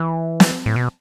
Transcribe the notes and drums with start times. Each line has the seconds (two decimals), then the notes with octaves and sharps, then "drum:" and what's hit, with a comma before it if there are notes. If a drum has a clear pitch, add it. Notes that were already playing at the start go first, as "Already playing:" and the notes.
Already playing: E3
0.40 drum: snare
0.66 A2
0.76 B2